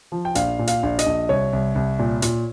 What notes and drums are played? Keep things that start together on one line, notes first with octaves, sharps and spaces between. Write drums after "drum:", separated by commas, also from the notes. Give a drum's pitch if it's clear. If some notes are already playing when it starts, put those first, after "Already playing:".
F3
G5
A#1 F5, drum: hi-hat
A#2
F5, drum: hi-hat
A#1
D#5, drum: hi-hat
A#1
C2 C#5
C2
C2
A#2
A#2, drum: hi-hat